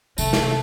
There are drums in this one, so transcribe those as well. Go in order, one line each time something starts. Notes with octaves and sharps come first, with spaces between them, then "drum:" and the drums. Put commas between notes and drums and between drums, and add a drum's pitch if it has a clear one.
C3 A3, drum: tambourine
drum: snare